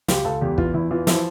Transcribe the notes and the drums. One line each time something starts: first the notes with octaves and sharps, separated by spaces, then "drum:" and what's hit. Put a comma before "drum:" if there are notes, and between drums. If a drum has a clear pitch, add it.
C#2 G4, drum: snare
C#2 A4
E2 G4
E3 F4, drum: kick
E2 E4
E3 F4
F3 E4, drum: snare